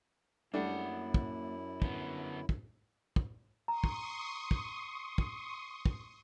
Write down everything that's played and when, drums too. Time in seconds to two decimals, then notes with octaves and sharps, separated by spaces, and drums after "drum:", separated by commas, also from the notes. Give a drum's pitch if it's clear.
0.54 F#2 G3 A3 A#3 D4 E4 F#5
1.14 drum: kick
1.82 D3 B3, drum: kick
2.49 drum: kick
3.16 drum: kick
3.68 A#5 C6 C#6 D#6
3.84 drum: kick
4.51 drum: kick
5.18 drum: kick
5.86 drum: kick